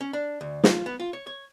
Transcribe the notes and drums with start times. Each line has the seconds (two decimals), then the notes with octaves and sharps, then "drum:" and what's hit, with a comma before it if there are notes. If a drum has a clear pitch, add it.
0.01 C#4
0.13 D4
0.41 D2
0.64 F4, drum: snare
0.86 B3
1.00 F4
1.13 C#5
1.27 C#5